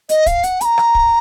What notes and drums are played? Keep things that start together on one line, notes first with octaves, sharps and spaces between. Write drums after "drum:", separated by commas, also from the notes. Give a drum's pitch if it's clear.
D#5, drum: hi-hat
F5, drum: kick, hi-hat
F#5, drum: hi-hat
B5, drum: hi-hat
A#5
drum: rim click
drum: kick